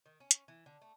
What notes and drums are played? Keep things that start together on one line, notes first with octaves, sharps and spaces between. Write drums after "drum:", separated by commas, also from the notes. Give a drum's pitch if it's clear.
D#3
C#4
drum: hi-hat
E3
D3
A3